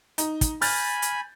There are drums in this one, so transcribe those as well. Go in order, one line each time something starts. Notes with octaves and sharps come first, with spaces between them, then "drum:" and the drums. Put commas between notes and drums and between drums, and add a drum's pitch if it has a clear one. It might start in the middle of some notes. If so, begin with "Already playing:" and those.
D#4, drum: hi-hat
drum: kick, hi-hat
G#5 B5 F6 G6 A6, drum: open hi-hat
drum: hi-hat